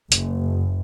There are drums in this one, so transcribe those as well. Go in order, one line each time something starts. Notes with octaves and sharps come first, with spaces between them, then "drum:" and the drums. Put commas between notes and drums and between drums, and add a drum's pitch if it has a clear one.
F#1, drum: hi-hat